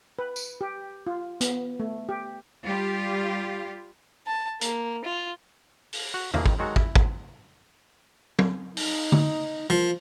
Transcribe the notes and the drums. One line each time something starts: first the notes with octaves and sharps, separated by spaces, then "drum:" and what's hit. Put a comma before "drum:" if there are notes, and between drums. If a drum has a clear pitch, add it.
B4
drum: tambourine
G4
F4
B3, drum: hi-hat
A3
G4
G3 F4 G4
A5
A#3, drum: hi-hat
F4
drum: open hi-hat
F#4
A3 A#3 E4 G#4, drum: tom E2
F2 D#3, drum: kick
D#3 F#3 G#3 F#4 A4
E4, drum: kick
drum: kick
drum: tom
D#4, drum: open hi-hat
drum: tom D3
F3 A#3 F4